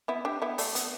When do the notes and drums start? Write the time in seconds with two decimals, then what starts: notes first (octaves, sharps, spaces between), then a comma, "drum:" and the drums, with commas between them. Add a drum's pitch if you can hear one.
0.08 B3 E4
0.25 D4 G4
0.42 B3 E4
0.58 A3 D4, drum: open hi-hat
0.75 B3, drum: hi-hat